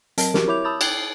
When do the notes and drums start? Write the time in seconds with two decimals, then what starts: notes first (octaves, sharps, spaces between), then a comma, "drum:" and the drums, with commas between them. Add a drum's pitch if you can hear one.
0.18 F#3 C4 A#4 D#5 A5 D7, drum: hi-hat
0.34 F#4 G4 A#4, drum: snare
0.48 E4 C#5 E5 D6 G6 F7
0.65 A5 B5 D#6 E6 G6 A6
0.81 G5 F#6 G#6 A6 C7, drum: cymbal
0.97 C7